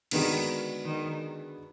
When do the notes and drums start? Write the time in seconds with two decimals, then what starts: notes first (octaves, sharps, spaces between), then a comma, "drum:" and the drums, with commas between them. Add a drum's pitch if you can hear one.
0.11 D3 D#3 G#3 B3 D4 F#4, drum: cymbal
0.85 D#3